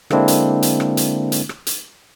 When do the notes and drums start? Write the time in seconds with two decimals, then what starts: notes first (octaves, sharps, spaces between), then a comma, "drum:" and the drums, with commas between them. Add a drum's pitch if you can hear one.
0.10 D3 G#3 A#3 C4 D4 E4, drum: rim click
0.28 drum: hi-hat
0.62 drum: hi-hat
0.80 drum: rim click
0.97 drum: hi-hat
1.32 drum: hi-hat
1.49 drum: rim click
1.67 drum: hi-hat